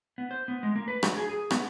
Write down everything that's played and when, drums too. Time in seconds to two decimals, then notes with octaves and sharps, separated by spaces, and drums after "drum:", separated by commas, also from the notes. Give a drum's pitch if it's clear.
0.18 B3
0.31 C5
0.48 B3
0.63 G#3
0.76 A#3
0.88 B4
1.03 F#3, drum: rim click
1.17 G#4
1.30 G#4
1.51 B3, drum: rim click